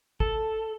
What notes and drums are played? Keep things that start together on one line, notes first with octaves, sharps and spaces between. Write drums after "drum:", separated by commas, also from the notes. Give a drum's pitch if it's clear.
A4, drum: kick